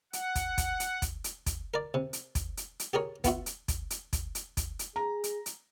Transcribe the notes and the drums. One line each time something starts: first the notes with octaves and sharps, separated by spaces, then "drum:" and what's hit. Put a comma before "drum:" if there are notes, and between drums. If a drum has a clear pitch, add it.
F#5, drum: hi-hat
drum: kick, hi-hat
drum: kick, hi-hat
drum: hi-hat
drum: kick, hi-hat
drum: hi-hat
drum: kick, hi-hat
A#4 D5
C3
drum: hi-hat
drum: kick, hi-hat
drum: hi-hat
drum: hi-hat
G4 G#4 A#4 C#5
B3 F4 F#4 E5, drum: kick, hi-hat
drum: hi-hat
drum: kick, hi-hat
drum: hi-hat
drum: kick, hi-hat
drum: hi-hat
drum: kick, hi-hat
drum: hi-hat
G#4 A#5
drum: hi-hat
drum: hi-hat